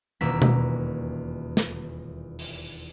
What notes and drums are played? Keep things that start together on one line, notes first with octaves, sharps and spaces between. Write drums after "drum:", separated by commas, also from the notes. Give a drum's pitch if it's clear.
D#1 E2 B2 A#3 E6 B6
drum: tom B2
drum: snare
drum: open hi-hat